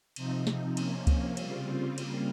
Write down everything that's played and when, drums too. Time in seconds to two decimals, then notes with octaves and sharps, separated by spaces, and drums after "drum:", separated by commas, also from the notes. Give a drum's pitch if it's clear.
0.16 C3 F3 C4 D#4, drum: cymbal
0.47 drum: snare
0.77 C3 F3 A#3 C#4, drum: cymbal
1.07 drum: kick C#2, cymbal
1.37 C#3 G3 C4 F4, drum: cymbal
1.98 C#3 G3 A#3 F4, drum: cymbal